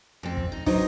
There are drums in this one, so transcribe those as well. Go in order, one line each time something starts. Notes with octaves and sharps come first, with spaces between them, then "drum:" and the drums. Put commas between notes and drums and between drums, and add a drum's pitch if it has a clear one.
F2 C4
drum: kick
D#4
F#3 B3 D#4 C5 D#5, drum: kick, open hi-hat